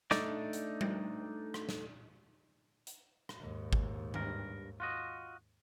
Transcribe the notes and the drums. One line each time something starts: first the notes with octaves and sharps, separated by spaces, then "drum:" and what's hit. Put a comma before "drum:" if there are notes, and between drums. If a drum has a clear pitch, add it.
A3 D4 D#4 D5, drum: snare
drum: hi-hat
drum: tom G3
drum: rim click
drum: snare
drum: hi-hat
drum: rim click
D#2 G#2
drum: kick
G2 A#4, drum: tom D#3
F4 F#4 D#5